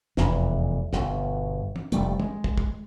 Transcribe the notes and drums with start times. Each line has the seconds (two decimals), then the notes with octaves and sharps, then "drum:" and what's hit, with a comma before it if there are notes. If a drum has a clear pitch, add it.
0.17 F1 E2 E3, drum: snare
0.93 G1 B2, drum: snare
1.76 drum: tom
1.92 F1 G3 A3, drum: hi-hat
2.20 G#3, drum: tom
2.44 drum: kick
2.58 drum: kick